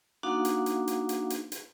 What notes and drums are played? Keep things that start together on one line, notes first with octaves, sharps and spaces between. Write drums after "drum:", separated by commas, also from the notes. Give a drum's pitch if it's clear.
A#3 D4 D#4 F#4 F5 F#5
drum: hi-hat
drum: hi-hat
drum: hi-hat
drum: hi-hat
drum: hi-hat
drum: hi-hat